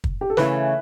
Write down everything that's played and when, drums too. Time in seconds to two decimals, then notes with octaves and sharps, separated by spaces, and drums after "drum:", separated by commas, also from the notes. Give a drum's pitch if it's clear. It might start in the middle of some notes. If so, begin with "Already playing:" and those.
0.04 drum: kick
0.21 G4
0.30 A4
0.37 C#3 E3 A3 C#4 B4, drum: snare